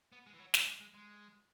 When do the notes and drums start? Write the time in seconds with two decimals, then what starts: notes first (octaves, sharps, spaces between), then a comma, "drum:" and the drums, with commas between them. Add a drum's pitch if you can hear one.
0.12 B3
0.26 G#3
0.34 E3
0.39 F#3
0.54 F#3, drum: snare
0.67 G#3
0.81 G#3
0.94 G#3